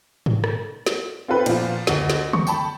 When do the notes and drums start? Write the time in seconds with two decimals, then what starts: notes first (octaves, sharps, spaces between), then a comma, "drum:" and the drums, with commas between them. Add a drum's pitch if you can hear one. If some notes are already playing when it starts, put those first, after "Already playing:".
0.26 drum: tom G#2
0.44 drum: rim click
0.86 drum: snare
1.28 C4 F4 A4 B4 G5
1.46 A#2 F3 F4, drum: cymbal
1.87 D2 D#5, drum: snare
2.10 drum: snare
2.33 C#6, drum: tom C#3
2.47 G5 A5 B5, drum: tambourine